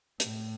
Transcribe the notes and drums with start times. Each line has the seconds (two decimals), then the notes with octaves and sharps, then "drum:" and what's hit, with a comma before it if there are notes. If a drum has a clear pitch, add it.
0.20 A2, drum: hi-hat